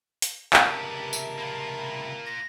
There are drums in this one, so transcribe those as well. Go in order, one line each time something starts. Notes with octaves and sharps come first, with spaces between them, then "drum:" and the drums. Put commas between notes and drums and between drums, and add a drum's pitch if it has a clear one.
drum: hi-hat
C#2 C3 G4 A#4 B4 A5, drum: clap
E5, drum: tambourine
A#3 F4 B5
A#6